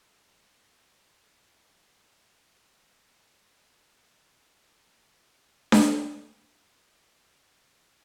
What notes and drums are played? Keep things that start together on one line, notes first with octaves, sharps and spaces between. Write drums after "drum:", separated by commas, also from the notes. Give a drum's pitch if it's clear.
A#4
G5
C6
C#4
G#4
C#5
C#5
F#4
B4
C#4
F4 G#4 C5
C#4 A4 D5
drum: snare D4
G#3 A3 B3 C#4